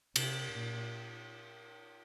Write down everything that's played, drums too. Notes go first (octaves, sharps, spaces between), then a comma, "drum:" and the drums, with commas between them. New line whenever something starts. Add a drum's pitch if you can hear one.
C3, drum: cymbal
A#2